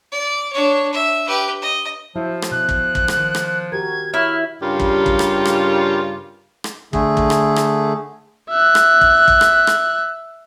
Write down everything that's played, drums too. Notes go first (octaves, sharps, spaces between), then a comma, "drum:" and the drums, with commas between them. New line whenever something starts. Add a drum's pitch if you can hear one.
D5
D4 C#5
E5
G4 B4
D#5
F3 F#3 E4 E5
drum: rim click
B2 F#6
drum: kick
drum: kick
drum: rim click
D#3
drum: rim click
F#4 G4 A#4 G#6
E4 C#5 F6
G2 C#3 G3 F4 G4 A#4
drum: kick
drum: kick
drum: rim click
drum: rim click
drum: rim click
D3 A3 G#4, drum: kick
drum: kick
drum: rim click
drum: rim click
E5 F#6
drum: rim click
drum: kick
drum: kick
drum: rim click
drum: rim click